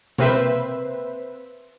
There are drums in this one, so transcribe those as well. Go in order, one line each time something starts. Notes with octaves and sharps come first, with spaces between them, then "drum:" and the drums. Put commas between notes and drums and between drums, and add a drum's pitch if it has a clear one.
A#3 C4 B4 C5 E5, drum: tom B2